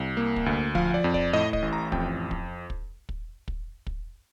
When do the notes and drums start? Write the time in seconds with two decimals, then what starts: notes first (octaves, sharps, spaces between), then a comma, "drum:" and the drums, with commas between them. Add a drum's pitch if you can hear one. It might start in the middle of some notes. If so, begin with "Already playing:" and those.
Already playing: C2
0.17 A#3
0.36 drum: kick
0.46 D2
0.75 F3 F5, drum: kick
0.94 D5
1.04 F2
1.14 D5, drum: kick
1.33 A2 D#5
1.53 D#5, drum: kick
1.62 A1
1.73 A#5
1.92 F2 G5, drum: kick
2.31 drum: kick
2.70 drum: kick
3.09 drum: kick
3.48 drum: kick
3.87 drum: kick